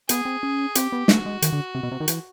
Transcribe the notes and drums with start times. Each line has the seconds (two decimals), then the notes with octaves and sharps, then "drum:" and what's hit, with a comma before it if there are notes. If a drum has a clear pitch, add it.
0.09 B3 G#4, drum: hi-hat
0.25 C4
0.43 C#4
0.75 C4 G4, drum: hi-hat
0.92 B3
1.08 A3 F#4, drum: snare
1.26 G#3
1.42 D#3, drum: hi-hat
1.53 D3
1.75 C3
1.83 B2
1.91 C3
2.00 D#3
2.08 E3, drum: hi-hat